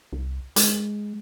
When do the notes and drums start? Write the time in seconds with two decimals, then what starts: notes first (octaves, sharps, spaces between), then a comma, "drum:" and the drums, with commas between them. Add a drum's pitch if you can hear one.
0.13 C2
0.56 G#3, drum: hi-hat